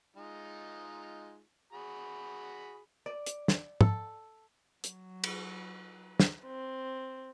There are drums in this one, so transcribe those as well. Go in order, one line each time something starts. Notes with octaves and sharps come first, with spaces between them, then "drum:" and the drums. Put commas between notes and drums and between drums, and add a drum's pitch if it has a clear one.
G#3 D#4 F4
F#4 G#4 B5
D5
drum: hi-hat
drum: snare
A4, drum: tom
F#3, drum: hi-hat
drum: cymbal
drum: snare
C4